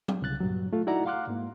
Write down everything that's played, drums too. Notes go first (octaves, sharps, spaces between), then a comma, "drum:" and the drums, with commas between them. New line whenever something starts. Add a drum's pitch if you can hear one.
drum: tom F#3
C2 C#3 F#6 A6
G2 A#2 F#3
A3 F4 A4
D#4 E4 F#4 D5 F#5 A#5
F5 F#5 C6 D6 F6 F#6
G#2 A#3